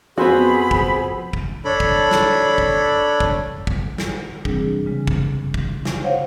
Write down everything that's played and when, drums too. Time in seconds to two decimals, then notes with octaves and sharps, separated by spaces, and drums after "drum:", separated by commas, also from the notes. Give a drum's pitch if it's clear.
0.18 F2 B3 C4 F#4 G#4 C5 B5
0.71 drum: kick
1.33 drum: kick
1.65 D4 A4 C#5 B5
1.80 drum: kick
2.11 drum: snare
2.58 drum: kick
3.20 drum: kick
3.67 drum: kick
3.98 drum: snare
4.45 C3 E3 G3 C4 D4 G#4, drum: kick
4.86 C#3 G#3
5.07 drum: kick
5.54 drum: kick
5.85 drum: snare
6.04 C5 C#5 F5 F#5